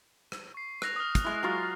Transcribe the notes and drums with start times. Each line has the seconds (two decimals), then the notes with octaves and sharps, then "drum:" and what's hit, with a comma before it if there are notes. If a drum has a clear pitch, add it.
0.32 drum: rim click
0.54 C#6 C7
0.82 F#6 A#6 F7, drum: rim click
0.96 D#6 F6
1.15 drum: kick, hi-hat
1.24 G#3 E4
1.43 F#3 F4